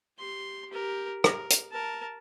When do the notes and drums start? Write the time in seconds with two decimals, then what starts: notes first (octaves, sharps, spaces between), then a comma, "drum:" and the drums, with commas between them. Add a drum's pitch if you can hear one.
0.18 G4 C6
0.70 G4 A#4
1.24 A#4, drum: rim click
1.50 drum: hi-hat
1.72 A#4 A5